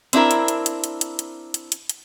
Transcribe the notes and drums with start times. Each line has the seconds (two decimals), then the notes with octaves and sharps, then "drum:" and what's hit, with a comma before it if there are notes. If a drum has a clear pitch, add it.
0.13 C4 D4 E4 A#4, drum: hi-hat
0.31 drum: hi-hat
0.48 drum: hi-hat
0.66 drum: hi-hat
0.84 drum: hi-hat
1.01 drum: hi-hat
1.19 drum: hi-hat
1.54 drum: hi-hat
1.72 drum: hi-hat
1.89 drum: hi-hat